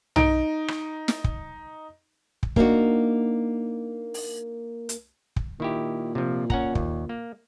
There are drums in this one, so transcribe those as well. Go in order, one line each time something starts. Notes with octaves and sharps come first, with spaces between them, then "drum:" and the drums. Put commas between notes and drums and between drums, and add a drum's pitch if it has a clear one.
D#4 D7, drum: tom B1
drum: rim click
drum: snare
drum: kick
drum: kick
A#3 D4 D#4 F#4, drum: kick
drum: open hi-hat
drum: hi-hat
drum: kick
A#2 D#3 E4 G4
C3 F3
C#4 F#5 A#5, drum: kick
D#2, drum: kick
A#3